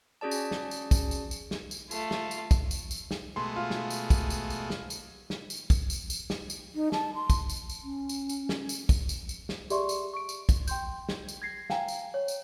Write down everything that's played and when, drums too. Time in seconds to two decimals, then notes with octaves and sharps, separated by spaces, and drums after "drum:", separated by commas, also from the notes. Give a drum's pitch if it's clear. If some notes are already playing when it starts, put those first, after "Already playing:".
0.21 C#4 F#4 G#4 D5 A5
0.31 drum: tambourine
0.51 drum: snare
0.71 drum: tambourine
0.91 drum: kick, tambourine
1.11 drum: tambourine
1.31 drum: tambourine
1.51 drum: snare
1.71 drum: tambourine
1.91 A3 F4, drum: tambourine
2.11 drum: snare
2.31 drum: tambourine
2.51 drum: kick, tambourine
2.71 drum: tambourine
2.91 drum: tambourine
3.11 drum: snare
3.36 B2 G#3 A3 C6
3.56 F4
3.71 drum: snare
3.90 drum: tambourine
4.10 drum: kick, tambourine
4.30 drum: tambourine
4.50 drum: tambourine
4.70 drum: snare
4.90 drum: tambourine
5.30 drum: snare
5.50 drum: tambourine
5.70 drum: kick, tambourine
5.90 drum: tambourine
6.10 drum: tambourine
6.30 drum: snare
6.50 drum: tambourine
6.75 D#4
6.92 A5, drum: snare
7.15 C6
7.30 drum: kick, tambourine
7.50 drum: tambourine
7.69 drum: tambourine
7.83 C#4
8.09 drum: tambourine
8.29 drum: tambourine
8.49 drum: snare
8.69 drum: tambourine
8.89 drum: kick, tambourine
9.09 drum: tambourine
9.29 drum: tambourine
9.49 drum: snare
9.70 G4 G#4 D5 E5 C6 C#6, drum: tambourine
9.89 drum: tambourine
10.14 C#6 D7
10.29 drum: tambourine
10.49 drum: kick, tambourine
10.67 G5 C6 G6, drum: tambourine
11.09 drum: snare
11.29 drum: tambourine
11.42 G#6 A#6 C7
11.70 F5 G5 G#5 A#5, drum: snare
11.88 drum: tambourine
12.14 C#5
12.28 drum: tambourine